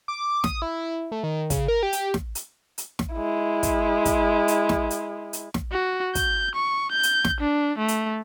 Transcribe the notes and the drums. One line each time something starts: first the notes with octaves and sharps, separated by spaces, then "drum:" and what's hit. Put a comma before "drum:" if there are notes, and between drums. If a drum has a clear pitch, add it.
D6
D#6, drum: snare
E4
A3
D#3
C#3, drum: kick, hi-hat
A#4
G4
drum: hi-hat
drum: snare
drum: hi-hat
drum: hi-hat
drum: snare
G#3 E4
drum: kick, hi-hat
drum: kick, hi-hat
drum: hi-hat
drum: snare
drum: hi-hat
drum: hi-hat
drum: snare
F#4
G6, drum: kick, hi-hat
C#6
G6
drum: hi-hat
drum: snare
D4
A3
drum: hi-hat